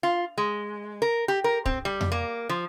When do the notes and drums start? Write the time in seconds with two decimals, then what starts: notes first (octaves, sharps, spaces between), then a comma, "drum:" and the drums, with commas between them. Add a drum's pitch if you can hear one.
0.03 F4
0.38 G#3
1.02 A#4
1.28 G4
1.44 A#4
1.66 C4, drum: kick
1.85 G3
2.01 drum: tom F2
2.12 A#3
2.49 F3